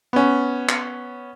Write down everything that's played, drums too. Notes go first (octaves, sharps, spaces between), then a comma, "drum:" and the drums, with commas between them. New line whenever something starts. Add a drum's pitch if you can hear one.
B3 C#4
drum: clap